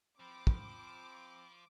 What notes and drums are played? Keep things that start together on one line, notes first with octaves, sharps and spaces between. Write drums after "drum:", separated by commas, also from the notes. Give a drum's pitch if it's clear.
F3 C4 B5 D6
drum: kick